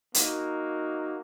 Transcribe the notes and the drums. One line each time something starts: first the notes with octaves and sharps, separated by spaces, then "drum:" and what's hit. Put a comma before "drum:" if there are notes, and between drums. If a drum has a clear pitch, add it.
A#3 D#4 F#4, drum: hi-hat